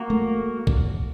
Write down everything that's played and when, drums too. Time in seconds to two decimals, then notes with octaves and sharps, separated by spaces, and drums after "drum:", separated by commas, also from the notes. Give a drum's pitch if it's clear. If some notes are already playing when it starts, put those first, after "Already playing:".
Already playing: A#3 F#4 A#4
0.10 A3
0.67 drum: kick A#1